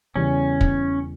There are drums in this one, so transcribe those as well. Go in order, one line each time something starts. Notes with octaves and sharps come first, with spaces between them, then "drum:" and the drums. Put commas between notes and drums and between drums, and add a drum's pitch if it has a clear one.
E2 C#3 E3 G3 C#4
drum: kick